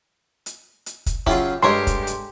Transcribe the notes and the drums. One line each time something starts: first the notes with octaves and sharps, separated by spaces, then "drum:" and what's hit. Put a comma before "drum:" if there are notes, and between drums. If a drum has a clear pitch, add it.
drum: hi-hat
drum: hi-hat
drum: kick, hi-hat
C#3 F#3 E4 F4 G4, drum: kick
G2 G#3 G4 A4 A#4 C#5 C6
drum: kick, hi-hat
drum: hi-hat